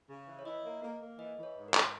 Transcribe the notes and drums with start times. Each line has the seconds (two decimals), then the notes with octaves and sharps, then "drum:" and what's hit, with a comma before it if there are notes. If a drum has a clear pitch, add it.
0.08 C#3
0.27 E3
0.39 C#5
0.45 E4 D#5
0.64 A#3
0.82 A#3
1.01 A#3
1.18 E3 D#5
1.38 E3
1.43 C#5
1.56 G#2
1.68 A#4
1.74 E3, drum: clap